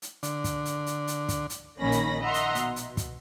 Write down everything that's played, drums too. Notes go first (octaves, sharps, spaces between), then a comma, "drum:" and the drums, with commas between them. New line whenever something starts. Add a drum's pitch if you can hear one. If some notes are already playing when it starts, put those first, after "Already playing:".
drum: hi-hat
D3, drum: hi-hat
drum: kick, hi-hat
drum: hi-hat
drum: hi-hat
drum: hi-hat
drum: kick, hi-hat
drum: hi-hat
A#1 D#3 A#3 C#4 B5 A#6
drum: hi-hat
D#5 E5 F#5 A#5 C6
drum: hi-hat
B2, drum: hi-hat
drum: hi-hat
drum: kick, hi-hat